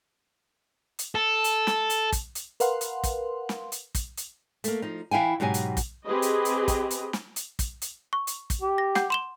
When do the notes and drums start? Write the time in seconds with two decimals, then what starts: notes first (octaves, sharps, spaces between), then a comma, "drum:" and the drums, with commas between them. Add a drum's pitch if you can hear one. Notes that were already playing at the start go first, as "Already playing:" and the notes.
0.99 drum: hi-hat
1.15 A4
1.44 drum: hi-hat
1.67 drum: snare
1.90 drum: hi-hat
2.12 drum: kick, hi-hat
2.35 drum: hi-hat
2.60 A#4 B4 F5 F#5 C6, drum: hi-hat
2.81 drum: hi-hat
3.03 drum: kick, hi-hat
3.49 drum: snare
3.72 drum: hi-hat
3.95 drum: kick, hi-hat
4.17 drum: hi-hat
4.64 A3 A#3, drum: hi-hat
4.82 F3 D#4
5.11 E3 E4 F5 G5 G#5
5.40 G#2 B2 F#3 G4 G#5
5.54 drum: hi-hat
5.77 drum: kick, hi-hat
6.06 C4 G4 G#4 B4 D#5
6.22 drum: hi-hat
6.45 drum: hi-hat
6.68 drum: kick, hi-hat
6.91 drum: hi-hat
7.13 drum: snare
7.36 drum: hi-hat
7.59 drum: kick, hi-hat
7.82 drum: hi-hat
8.13 C#6
8.27 drum: hi-hat
8.50 drum: kick, hi-hat
8.62 G4
8.78 A#6
8.95 F#5 D6 G6, drum: snare
9.10 C6 E7 G7